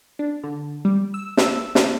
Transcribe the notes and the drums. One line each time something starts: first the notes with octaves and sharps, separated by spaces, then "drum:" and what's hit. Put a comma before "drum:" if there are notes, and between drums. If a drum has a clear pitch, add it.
D4
D3
G3
E6
E6, drum: snare
drum: snare